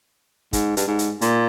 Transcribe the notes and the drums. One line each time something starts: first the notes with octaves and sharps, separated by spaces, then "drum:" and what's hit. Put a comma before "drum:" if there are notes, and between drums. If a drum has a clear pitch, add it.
G#2, drum: kick, hi-hat
G2, drum: hi-hat
G#2
drum: hi-hat
A#2, drum: hi-hat